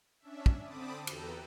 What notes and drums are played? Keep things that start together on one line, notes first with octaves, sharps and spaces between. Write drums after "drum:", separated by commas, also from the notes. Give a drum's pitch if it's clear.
C#4 D4 E5
drum: kick
D3 C4 A5 B5 D6 D#6
E2 A4 B4 G5 A#5, drum: cymbal